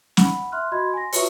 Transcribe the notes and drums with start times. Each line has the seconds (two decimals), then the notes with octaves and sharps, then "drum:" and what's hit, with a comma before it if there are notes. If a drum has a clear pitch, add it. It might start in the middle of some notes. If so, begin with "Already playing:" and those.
0.17 F#5 B5, drum: snare
0.52 E5 C6 F6 F#6
0.72 F#4 D#5 B5 C6 G#6
0.94 G#5 C6 A#6
1.13 F4 F#4 B4 C#5 E5 C#6, drum: open hi-hat